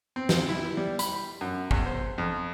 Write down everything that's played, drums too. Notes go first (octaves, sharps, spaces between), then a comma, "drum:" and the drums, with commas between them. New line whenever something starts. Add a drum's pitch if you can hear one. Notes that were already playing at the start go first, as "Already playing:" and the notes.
C4
drum: snare
E4
G3
B5, drum: hi-hat
F#2
E2, drum: kick
C5
F2